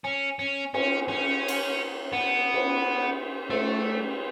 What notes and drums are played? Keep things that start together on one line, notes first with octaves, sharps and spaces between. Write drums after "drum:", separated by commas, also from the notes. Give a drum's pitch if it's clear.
C#4
C#4
C#4, drum: cymbal
C#4
drum: cymbal
B3
drum: cymbal
A3, drum: cymbal